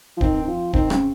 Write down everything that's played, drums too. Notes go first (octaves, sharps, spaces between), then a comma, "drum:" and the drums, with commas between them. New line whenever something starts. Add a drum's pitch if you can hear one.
F3
D#3 C4, drum: kick D1
D#3
F3
D#3 C4, drum: kick D1
C#3, drum: rim click